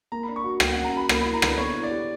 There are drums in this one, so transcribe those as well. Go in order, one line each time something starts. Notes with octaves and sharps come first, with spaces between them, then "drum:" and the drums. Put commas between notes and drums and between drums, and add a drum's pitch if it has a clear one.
A#3 A#5
B5
D4
C#6
F#4
A#3 G5, drum: rim click
C#4 F#5
A#5
F#4 B5
A#3 B5, drum: rim click
E4 B5
A#5
D3 B4, drum: rim click
B3 C#5
E4
D5
G4